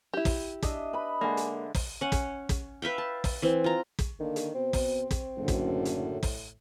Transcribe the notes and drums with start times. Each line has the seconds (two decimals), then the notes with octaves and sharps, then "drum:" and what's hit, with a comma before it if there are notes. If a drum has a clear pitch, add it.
0.14 E4 G4
0.25 drum: kick, open hi-hat
0.63 D4 D#5 E5, drum: kick, hi-hat
0.93 B4 B5
1.21 D3 G#3 A#3
1.37 drum: hi-hat
1.75 drum: kick, open hi-hat
2.01 C#4 F#5
2.12 drum: kick, hi-hat
2.49 drum: kick, hi-hat
2.82 B4 E5 F5 G5
2.98 A5
3.24 drum: kick, open hi-hat
3.42 E3 C4
3.64 F4 A#5
3.99 drum: kick, hi-hat
4.20 D3 D#3 A#3
4.36 drum: hi-hat
4.55 B2 C4 C5
4.73 drum: kick, open hi-hat
5.11 drum: kick, hi-hat
5.37 F#1 F#2 A2 D3
5.48 drum: kick, hi-hat
5.85 drum: hi-hat
6.23 drum: kick, open hi-hat